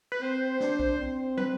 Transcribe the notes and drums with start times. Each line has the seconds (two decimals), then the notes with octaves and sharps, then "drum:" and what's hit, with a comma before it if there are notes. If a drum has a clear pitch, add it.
0.12 B4
0.21 C4 C5
0.60 D4, drum: snare
0.79 drum: kick B1
0.99 C4
1.37 B4, drum: tom